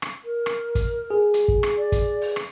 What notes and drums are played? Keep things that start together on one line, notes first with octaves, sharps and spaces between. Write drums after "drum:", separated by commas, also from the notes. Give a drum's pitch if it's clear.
drum: rim click
A#4
drum: rim click
drum: kick, hi-hat
G#4
drum: hi-hat
drum: kick
drum: rim click
D5
drum: kick, hi-hat
drum: open hi-hat
drum: rim click